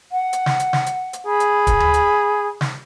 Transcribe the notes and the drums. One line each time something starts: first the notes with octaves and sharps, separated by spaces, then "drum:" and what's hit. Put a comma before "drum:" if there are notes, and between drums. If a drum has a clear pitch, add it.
F#5
drum: hi-hat
drum: snare
drum: hi-hat
drum: snare
drum: hi-hat
drum: hi-hat
G#4 B5
drum: hi-hat
drum: kick, hi-hat
drum: tom D2
drum: hi-hat
drum: snare